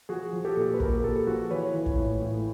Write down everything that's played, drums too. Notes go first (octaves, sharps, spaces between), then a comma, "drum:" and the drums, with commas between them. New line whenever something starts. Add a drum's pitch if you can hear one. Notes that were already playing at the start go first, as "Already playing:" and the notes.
F3 F#4 G#4
F3
G4 A4
A#2
B4
A#2 G#4 A#4, drum: kick
A#2 G4 A4
F3 F#4 G#4
E3 B4 C#5
E3
drum: kick
A2
A2